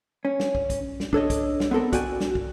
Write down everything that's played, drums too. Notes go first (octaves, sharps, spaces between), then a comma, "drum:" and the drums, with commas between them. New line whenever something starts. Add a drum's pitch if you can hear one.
C#4
drum: snare
drum: kick
drum: kick, hi-hat
drum: snare
D4 A4 C#5 D#5, drum: kick
drum: kick, hi-hat
drum: snare
B3 C4 A4 A#4
F#4 D5 G5 G#5, drum: kick, hi-hat
drum: snare
drum: kick